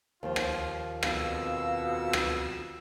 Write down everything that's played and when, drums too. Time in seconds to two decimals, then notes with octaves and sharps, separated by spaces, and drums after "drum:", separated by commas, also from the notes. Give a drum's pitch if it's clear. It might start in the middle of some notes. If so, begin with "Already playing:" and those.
0.23 D#2 F3 F4
0.36 drum: rim click
1.03 F2 B2 F5 E6, drum: rim click
2.13 drum: rim click